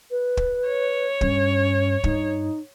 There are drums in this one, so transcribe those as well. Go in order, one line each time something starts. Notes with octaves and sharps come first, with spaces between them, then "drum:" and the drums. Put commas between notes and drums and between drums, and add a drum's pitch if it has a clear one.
B4
drum: kick
C#5
G2 C#4, drum: kick
G2 D#4, drum: kick